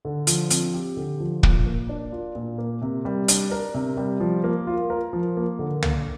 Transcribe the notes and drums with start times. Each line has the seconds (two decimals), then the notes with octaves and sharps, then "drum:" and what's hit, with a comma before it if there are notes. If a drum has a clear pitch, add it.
0.05 D3
0.27 F3, drum: hi-hat
0.50 C4, drum: hi-hat
0.74 G4
0.97 D3
1.20 F3
1.43 A#2, drum: kick
1.66 A#3
1.89 D4
2.12 F4
2.35 A#2
2.58 A#3
2.82 C3
3.05 G3
3.28 D4, drum: hi-hat
3.51 A#4
3.74 C3
3.97 G3
4.20 F3
4.44 A#3
4.67 F4
4.90 A#4
5.13 F3
5.37 A#3
5.59 D3
5.83 A#3, drum: tom